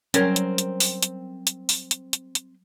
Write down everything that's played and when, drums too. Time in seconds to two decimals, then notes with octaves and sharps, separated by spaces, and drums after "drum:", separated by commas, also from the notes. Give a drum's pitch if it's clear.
0.14 F#3 G3 C4 C#4 A#4 G#6, drum: hi-hat
0.36 drum: hi-hat
0.58 drum: hi-hat
0.80 drum: open hi-hat
1.03 drum: hi-hat
1.47 drum: hi-hat
1.69 drum: open hi-hat
1.91 drum: hi-hat
2.13 drum: hi-hat
2.35 drum: hi-hat